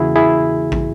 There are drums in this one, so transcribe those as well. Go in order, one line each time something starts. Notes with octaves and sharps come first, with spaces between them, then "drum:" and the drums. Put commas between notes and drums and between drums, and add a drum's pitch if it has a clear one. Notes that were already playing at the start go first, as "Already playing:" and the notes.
Already playing: E2 C#3 E3 A#3 E4 F#4 G#4
E4 G#4
drum: kick